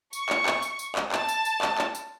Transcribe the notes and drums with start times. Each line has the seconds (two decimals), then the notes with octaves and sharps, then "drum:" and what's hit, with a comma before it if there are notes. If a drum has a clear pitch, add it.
0.13 C#6, drum: tambourine
0.29 drum: clap
0.46 drum: clap
0.62 drum: tambourine
0.79 drum: tambourine
0.96 drum: clap
1.12 A5, drum: clap
1.29 drum: tambourine
1.45 drum: tambourine
1.62 drum: clap
1.78 drum: clap
1.95 drum: tambourine